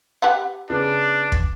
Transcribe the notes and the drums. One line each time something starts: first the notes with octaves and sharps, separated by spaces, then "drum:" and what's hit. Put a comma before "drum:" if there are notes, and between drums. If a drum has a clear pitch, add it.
G4 B4 F#5
C#3 B3 D4
drum: kick